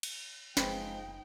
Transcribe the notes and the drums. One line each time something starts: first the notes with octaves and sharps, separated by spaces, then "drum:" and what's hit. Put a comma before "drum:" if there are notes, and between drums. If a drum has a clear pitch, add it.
drum: cymbal
F#1 F3 G#3 C4 D#4 B4 G5, drum: snare